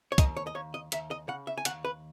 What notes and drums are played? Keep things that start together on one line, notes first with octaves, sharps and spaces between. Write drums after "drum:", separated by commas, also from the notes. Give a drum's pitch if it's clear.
C#5
D#2 D#5, drum: kick, hi-hat
C#5
D#5
D#2 C#5
D#5
D#2 E5, drum: hi-hat
D#5
C#3 F#5
E5
G#5
D#2 F#5, drum: hi-hat
B4